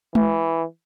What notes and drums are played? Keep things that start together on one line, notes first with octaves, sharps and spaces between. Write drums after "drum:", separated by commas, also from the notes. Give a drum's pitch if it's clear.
E3, drum: tom G#3